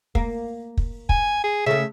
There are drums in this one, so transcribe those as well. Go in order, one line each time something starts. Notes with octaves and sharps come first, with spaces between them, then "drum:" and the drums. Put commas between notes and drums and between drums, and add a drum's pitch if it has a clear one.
A#3, drum: kick
drum: kick
G#5, drum: kick
G#4
C#3 A3 E5